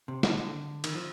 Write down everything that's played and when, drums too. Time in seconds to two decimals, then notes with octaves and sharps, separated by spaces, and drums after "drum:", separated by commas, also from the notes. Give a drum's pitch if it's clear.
0.08 C3
0.23 D3, drum: snare
0.38 D3
0.84 D#3, drum: cymbal
0.95 F3